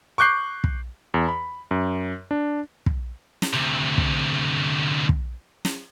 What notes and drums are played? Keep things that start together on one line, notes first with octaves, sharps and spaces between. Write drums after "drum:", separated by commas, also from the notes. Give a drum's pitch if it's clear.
C#6 D6 F#6 G6 C7
drum: kick
E2
B5
F#2
D4
drum: kick
drum: snare
D2 C3
drum: kick
drum: kick
drum: snare